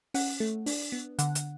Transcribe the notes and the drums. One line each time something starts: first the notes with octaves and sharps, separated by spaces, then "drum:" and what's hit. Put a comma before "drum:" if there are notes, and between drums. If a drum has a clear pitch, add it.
C#4 F#5, drum: open hi-hat
A3
D4, drum: open hi-hat
B3
D3 F#5, drum: hi-hat
drum: hi-hat